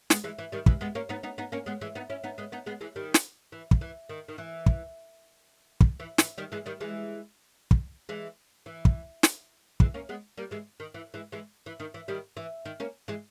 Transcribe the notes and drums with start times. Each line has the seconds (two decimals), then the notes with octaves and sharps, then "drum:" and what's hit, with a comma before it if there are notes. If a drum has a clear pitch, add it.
0.10 G#3 B3, drum: snare
0.24 E3 G#3
0.39 E3
0.52 D#3 G3
0.66 E3 G#3, drum: kick
0.81 G#3 B3
0.95 A#3 C#4
1.09 B3 D#4
1.23 B3 D#4
1.38 B3 D#4
1.52 A#3 C#4
1.66 G#3 B3
1.81 E3 G#3
1.95 B3 D#4
2.10 C#4 E4
2.24 B3 D#4
2.38 G#3 B3
2.52 B3 D#4
2.66 G#3 B3
2.81 E3 G#3
2.96 D#3 G3
3.14 drum: snare
3.52 E3
3.71 drum: kick
3.81 E3
4.09 D#3
4.28 D#3
4.38 E3
4.66 drum: kick
5.81 drum: kick
6.00 E3
6.18 E3, drum: snare
6.38 D#3 G3
6.52 E3 G#3
6.66 D#3 G3
6.80 E3 G#3
7.71 drum: kick
8.09 E3 G#3
8.66 E3
8.85 drum: kick
9.23 drum: snare
9.80 E3 G#3, drum: kick
9.94 A#3 C#4
10.09 G#3 B3
10.38 G3 A#3
10.51 E3 G#3
10.80 D#3
10.94 E3
11.14 E3 G#3
11.32 E3 G#3
11.66 E3
11.80 D#3
11.94 E3
12.08 D#3 G3
12.37 E3
12.65 D#3
12.80 A#3 C#4
13.08 E3 G#3